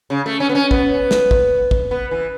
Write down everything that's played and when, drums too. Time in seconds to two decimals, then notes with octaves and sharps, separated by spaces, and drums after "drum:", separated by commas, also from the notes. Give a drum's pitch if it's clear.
0.10 C#3
0.26 A3
0.40 C#4
0.49 B3
0.55 C#4
0.71 B3, drum: kick
1.11 drum: snare
1.31 drum: kick
1.71 drum: kick
1.91 B3
2.11 E3